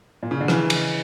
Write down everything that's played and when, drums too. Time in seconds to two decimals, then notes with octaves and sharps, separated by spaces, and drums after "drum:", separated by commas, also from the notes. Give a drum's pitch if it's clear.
0.23 A#2
0.31 C#3
0.40 D3
0.48 C#3 E3, drum: rim click
0.70 drum: cymbal